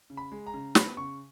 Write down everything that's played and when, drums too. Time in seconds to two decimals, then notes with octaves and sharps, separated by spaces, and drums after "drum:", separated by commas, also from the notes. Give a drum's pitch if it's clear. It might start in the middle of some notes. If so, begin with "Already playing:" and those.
0.10 C#3
0.17 B5
0.32 G#3
0.46 A#5
0.54 C#3
0.75 B3 B5, drum: snare
0.97 C#3 C#6